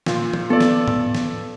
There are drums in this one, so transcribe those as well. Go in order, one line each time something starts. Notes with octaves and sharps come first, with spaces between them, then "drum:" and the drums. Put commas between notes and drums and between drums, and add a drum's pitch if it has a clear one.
A#2 F4, drum: snare
drum: tom E3
B3 A4 D5
drum: snare
drum: tom A2
drum: snare